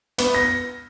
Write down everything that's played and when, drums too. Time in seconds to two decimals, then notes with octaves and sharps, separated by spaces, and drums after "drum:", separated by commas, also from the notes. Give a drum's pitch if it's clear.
0.18 B3, drum: hi-hat
0.35 A#6